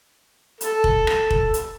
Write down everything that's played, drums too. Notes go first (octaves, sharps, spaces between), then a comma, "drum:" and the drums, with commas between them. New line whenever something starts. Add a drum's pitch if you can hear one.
A4, drum: hi-hat
drum: kick F1
drum: rim click
drum: kick F1
drum: hi-hat